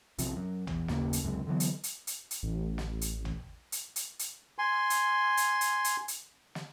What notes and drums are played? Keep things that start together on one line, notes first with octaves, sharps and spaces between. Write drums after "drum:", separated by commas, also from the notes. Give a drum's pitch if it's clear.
B1 C3 F3, drum: hi-hat
F#2
E2, drum: tom A1
F#1 D#2 C#3 A#3, drum: snare
drum: hi-hat
C#2 F#2 C3 G#3
D3 E3 F#3 B3
drum: hi-hat
drum: hi-hat
drum: hi-hat
drum: hi-hat
A1
drum: snare
drum: hi-hat
drum: tom A1
drum: hi-hat
drum: hi-hat
drum: hi-hat
G#5 C6
drum: hi-hat
drum: hi-hat
drum: hi-hat
drum: hi-hat
drum: hi-hat
drum: snare